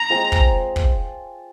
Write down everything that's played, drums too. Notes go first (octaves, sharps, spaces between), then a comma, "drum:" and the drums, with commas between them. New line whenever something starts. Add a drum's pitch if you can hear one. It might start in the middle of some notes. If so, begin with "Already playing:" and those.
Already playing: A#5
G#3 C4 F4 C5
drum: kick
drum: kick